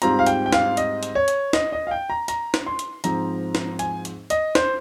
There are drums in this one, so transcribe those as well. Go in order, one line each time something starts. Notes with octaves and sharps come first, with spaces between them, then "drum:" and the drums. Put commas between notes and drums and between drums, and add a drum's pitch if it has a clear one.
G#2 G3 C4 F4 A#5, drum: hi-hat
F5
G5, drum: hi-hat
G5
F5, drum: snare
D#5, drum: hi-hat
drum: hi-hat
C#5
drum: hi-hat
D#5, drum: snare
D#5
F5
G5
A#5
A#5, drum: hi-hat
drum: snare
C6
drum: hi-hat
G#2 F3 C4 A#5, drum: hi-hat
drum: snare
G#5, drum: hi-hat
drum: hi-hat
D#5, drum: hi-hat
C5, drum: snare